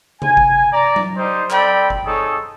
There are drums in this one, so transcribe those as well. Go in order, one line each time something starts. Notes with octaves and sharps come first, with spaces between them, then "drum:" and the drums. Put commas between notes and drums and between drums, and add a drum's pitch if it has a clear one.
G#5, drum: tom C3
drum: kick G1
D5 A#5
drum: tom F#3
G3 D#4 C5
C4 A4 D5 G5 B5, drum: clap
drum: kick G1
C4 D#4 G#4 A4 C#5